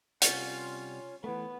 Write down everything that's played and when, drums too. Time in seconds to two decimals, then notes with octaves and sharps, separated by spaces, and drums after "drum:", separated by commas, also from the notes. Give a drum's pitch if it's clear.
0.22 C3 G3 C#4 F4 F#5, drum: hi-hat
1.24 E3 A3 B3